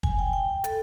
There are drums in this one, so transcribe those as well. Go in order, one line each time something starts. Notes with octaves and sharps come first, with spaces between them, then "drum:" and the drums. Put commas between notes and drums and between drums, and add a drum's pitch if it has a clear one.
G#5, drum: kick
G5
G5
A4, drum: hi-hat